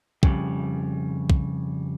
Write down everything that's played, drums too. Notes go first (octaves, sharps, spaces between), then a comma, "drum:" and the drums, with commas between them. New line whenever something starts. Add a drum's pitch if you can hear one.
F2 C#3 G3, drum: kick
drum: kick